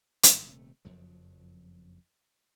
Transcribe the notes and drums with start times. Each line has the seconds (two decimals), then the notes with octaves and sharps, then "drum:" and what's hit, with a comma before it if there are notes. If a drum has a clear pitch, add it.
0.23 G#2 D#3 G3 A3, drum: hi-hat
0.46 D#1 C3 A3
0.85 F#1 F2 F3 F#3